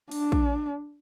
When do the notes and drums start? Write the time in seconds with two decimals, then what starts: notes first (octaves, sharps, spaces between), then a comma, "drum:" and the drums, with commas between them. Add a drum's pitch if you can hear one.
0.11 D4, drum: open hi-hat
0.32 drum: kick